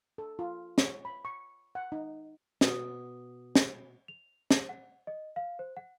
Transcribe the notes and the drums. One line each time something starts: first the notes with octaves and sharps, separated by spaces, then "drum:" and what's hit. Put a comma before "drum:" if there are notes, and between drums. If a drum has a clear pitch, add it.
A4
F4
C#5, drum: snare
B5
C#6
F#5
D#4
B2, drum: snare
drum: snare
F7
F#7, drum: snare
F#5
D#5
F5
C5
F#5